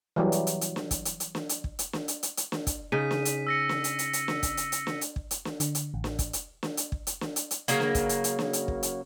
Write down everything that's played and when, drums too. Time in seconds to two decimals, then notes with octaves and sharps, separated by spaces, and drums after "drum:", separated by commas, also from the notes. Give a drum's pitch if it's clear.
0.16 E3 F#3 G3
0.32 drum: hi-hat
0.47 drum: hi-hat
0.61 drum: hi-hat
0.76 drum: snare
0.91 drum: kick, hi-hat
1.05 drum: hi-hat
1.20 drum: hi-hat
1.35 drum: snare
1.49 drum: hi-hat
1.64 drum: kick
1.79 drum: hi-hat
1.93 drum: snare
2.08 drum: hi-hat
2.23 drum: hi-hat
2.37 drum: hi-hat
2.52 drum: snare
2.67 drum: kick, hi-hat
2.92 C#3 D#4 B6 D#7
3.11 drum: snare
3.25 drum: hi-hat
3.47 E6 A#6 C#7
3.69 drum: snare
3.84 drum: hi-hat
3.99 drum: hi-hat
4.13 drum: hi-hat
4.28 drum: snare
4.43 drum: kick, hi-hat
4.57 drum: hi-hat
4.72 drum: hi-hat
4.87 drum: snare
5.01 drum: hi-hat
5.16 drum: kick
5.31 drum: hi-hat
5.45 drum: snare
5.60 D3, drum: hi-hat
5.75 drum: hi-hat
5.94 A1
6.04 drum: snare
6.19 drum: kick, hi-hat
6.33 drum: hi-hat
6.63 drum: snare
6.77 drum: hi-hat
6.92 drum: kick
7.07 drum: hi-hat
7.21 drum: snare
7.36 drum: hi-hat
7.51 drum: hi-hat
7.68 C#3 F#3 A#3, drum: hi-hat
7.80 drum: snare
7.95 drum: kick, hi-hat
8.09 drum: hi-hat
8.24 drum: hi-hat
8.39 drum: snare
8.53 drum: hi-hat
8.68 drum: kick
8.83 drum: hi-hat